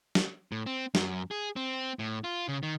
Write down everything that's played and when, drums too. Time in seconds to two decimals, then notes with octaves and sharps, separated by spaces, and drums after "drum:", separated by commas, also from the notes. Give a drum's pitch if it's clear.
0.15 drum: snare
0.52 A2
0.66 C4
0.95 F#2, drum: snare
1.31 G#4
1.56 C4
1.99 A2
2.24 F4
2.48 C#3
2.63 D#3